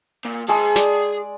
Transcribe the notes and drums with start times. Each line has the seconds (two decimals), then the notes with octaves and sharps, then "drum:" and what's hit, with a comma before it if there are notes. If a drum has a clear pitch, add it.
0.25 A#2
0.49 G#3 G#4 G#5 A5 D6, drum: open hi-hat
0.76 D5, drum: snare